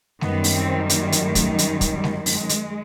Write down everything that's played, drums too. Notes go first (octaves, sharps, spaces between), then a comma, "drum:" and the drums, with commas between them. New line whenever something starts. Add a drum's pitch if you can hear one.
F#2 D#3 G3 B3, drum: snare G#3
drum: open hi-hat
C4
A#3, drum: hi-hat
drum: hi-hat
A3
drum: kick, hi-hat
G#3, drum: hi-hat
drum: kick, hi-hat
G3
drum: snare G#3
G#3, drum: open hi-hat
drum: hi-hat